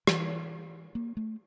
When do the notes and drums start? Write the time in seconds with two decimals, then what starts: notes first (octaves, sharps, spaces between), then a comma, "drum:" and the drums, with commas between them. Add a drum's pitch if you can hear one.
0.07 E3, drum: rim click
0.95 A#3
1.17 A3